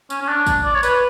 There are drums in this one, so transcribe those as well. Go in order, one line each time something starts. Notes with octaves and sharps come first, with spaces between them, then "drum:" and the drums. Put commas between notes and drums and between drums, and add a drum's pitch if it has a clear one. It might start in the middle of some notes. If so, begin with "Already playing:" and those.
C#4, drum: tambourine
C#4
D4
drum: kick, tambourine
D5
C#5
B4, drum: tambourine